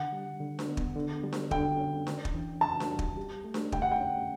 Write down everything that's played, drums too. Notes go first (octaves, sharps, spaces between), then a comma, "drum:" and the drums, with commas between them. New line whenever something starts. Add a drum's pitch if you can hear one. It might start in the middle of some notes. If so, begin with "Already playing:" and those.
Already playing: D3 F#5
G3
D3
drum: snare D4
B3
drum: kick
D3
G3
drum: snare D4
D3 G5, drum: kick
C#4
D4, drum: snare D4
drum: kick
E3
C#3 A5
drum: snare D4
G3
drum: kick
G4
A3
drum: snare D4
D3 G5, drum: kick
F#5
G5
C#4